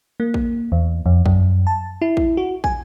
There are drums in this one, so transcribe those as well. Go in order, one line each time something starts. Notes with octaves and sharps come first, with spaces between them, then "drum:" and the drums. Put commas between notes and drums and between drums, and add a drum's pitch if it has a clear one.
A#3
drum: kick
E2
F2
F#2, drum: kick
A5
E4
drum: kick
F#4
G#5, drum: kick